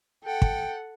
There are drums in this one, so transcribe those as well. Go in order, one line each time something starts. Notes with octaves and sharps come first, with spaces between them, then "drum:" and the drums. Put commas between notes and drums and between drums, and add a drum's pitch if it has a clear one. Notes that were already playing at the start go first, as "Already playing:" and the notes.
A4 F#5 G5
drum: kick